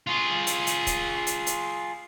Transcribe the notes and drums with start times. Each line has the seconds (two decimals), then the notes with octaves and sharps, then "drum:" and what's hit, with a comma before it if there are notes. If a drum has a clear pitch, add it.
0.07 F4 G#4
0.47 drum: hi-hat
0.67 drum: hi-hat
0.87 drum: kick C#1, hi-hat
1.27 drum: hi-hat
1.47 drum: hi-hat